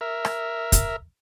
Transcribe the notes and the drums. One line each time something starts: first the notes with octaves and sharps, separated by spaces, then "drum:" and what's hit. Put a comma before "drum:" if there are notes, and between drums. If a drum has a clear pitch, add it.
A#4 E5
drum: rim click
drum: kick, hi-hat